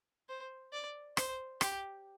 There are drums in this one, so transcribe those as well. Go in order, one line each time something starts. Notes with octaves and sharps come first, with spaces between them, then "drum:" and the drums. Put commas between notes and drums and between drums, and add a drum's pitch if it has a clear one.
C5
D5
C5, drum: rim click
G4, drum: rim click